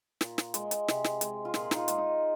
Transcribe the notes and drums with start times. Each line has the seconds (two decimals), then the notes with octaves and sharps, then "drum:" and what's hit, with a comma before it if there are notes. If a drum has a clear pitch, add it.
0.21 A#2, drum: snare
0.38 drum: snare
0.54 G#3, drum: hi-hat
0.71 drum: hi-hat
0.88 C3, drum: snare
1.04 drum: snare
1.21 G#3, drum: hi-hat
1.45 F4
1.54 A#2 G#4, drum: snare
1.71 D#4, drum: snare
1.76 F4
1.88 G#3, drum: hi-hat
1.98 D#4